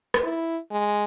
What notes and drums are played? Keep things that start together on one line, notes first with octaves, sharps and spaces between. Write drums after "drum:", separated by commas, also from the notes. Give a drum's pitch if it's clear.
drum: rim click
E4
G#3